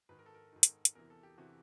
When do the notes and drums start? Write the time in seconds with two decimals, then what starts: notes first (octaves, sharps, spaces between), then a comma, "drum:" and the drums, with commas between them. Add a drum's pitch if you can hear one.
0.09 G#2 D#3 B4
0.19 A#4
0.26 A4
0.34 A#4
0.53 G#2 D#3
0.63 drum: hi-hat
0.85 drum: hi-hat
0.95 E2 C3 E3 A#4
1.10 A4
1.23 G4
1.38 C3 E3 F#4